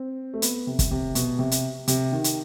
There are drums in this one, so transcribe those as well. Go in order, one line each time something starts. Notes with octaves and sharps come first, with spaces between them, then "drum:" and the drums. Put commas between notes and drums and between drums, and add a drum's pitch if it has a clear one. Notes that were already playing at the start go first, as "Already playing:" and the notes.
Already playing: C4
A3
B3, drum: hi-hat
C3
drum: kick, hi-hat
C3
B2, drum: hi-hat
C3
drum: hi-hat
C3, drum: hi-hat
D#3
drum: hi-hat